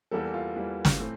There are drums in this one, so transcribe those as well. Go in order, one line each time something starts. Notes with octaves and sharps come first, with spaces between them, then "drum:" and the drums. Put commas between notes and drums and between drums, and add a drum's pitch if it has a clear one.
E2 E3 G3 A#3 A4
F4
E2 E3 G3 A#3
drum: snare
A2 E3 A3 C4